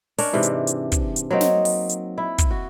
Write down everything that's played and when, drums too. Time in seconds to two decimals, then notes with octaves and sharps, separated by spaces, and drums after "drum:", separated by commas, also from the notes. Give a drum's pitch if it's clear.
0.18 C#4 D4 A#4 C#5, drum: open hi-hat
0.33 G#2 C3 E3
0.43 drum: hi-hat
0.67 drum: hi-hat
0.92 drum: kick, hi-hat
1.16 drum: hi-hat
1.31 F#3 A#3 C4 D#4
1.41 drum: snare
1.65 drum: open hi-hat
1.90 drum: hi-hat
2.18 E4
2.38 drum: kick, hi-hat
2.51 F#4